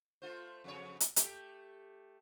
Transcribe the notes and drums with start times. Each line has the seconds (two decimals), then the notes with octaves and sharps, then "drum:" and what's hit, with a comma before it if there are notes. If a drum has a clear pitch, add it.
0.22 A3 F4 C5
0.64 F2 C#3 C#5
1.00 drum: hi-hat
1.16 A3 G4, drum: hi-hat